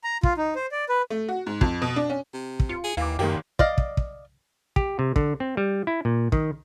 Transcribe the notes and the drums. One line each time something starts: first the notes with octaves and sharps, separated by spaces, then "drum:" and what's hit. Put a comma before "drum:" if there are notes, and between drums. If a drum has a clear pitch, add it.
A#5
F4, drum: kick
D#4
C5
D5
B4
A3
F#4
G#2
F2, drum: kick
B2
D4
C#4
C3
drum: kick
F4 C#7
G#4
D#2 E3 F5 D6
F#1 F#2 D#3 A#3 G4
D5 D#5 F5, drum: kick
drum: kick
drum: kick
G4, drum: kick
C3
D3, drum: kick
C4
G3
E4
A#2
D#3, drum: kick